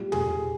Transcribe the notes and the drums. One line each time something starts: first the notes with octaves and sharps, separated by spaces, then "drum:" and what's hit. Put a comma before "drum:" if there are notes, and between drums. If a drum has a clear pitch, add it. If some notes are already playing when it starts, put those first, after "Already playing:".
Already playing: A#2 G3
G#4, drum: tom